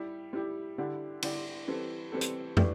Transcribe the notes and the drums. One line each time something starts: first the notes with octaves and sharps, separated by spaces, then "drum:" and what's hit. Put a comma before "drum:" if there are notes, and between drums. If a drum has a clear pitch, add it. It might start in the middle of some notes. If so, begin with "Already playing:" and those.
Already playing: G3 E4 G4
G3 E4 G4
D3 G3 E4 G4 D5
D3 G3 E4 G4 D5, drum: cymbal
E3 G3 C4 A4
E3 G3 C4 A4
drum: hi-hat
E3 A3 D4 G4, drum: tom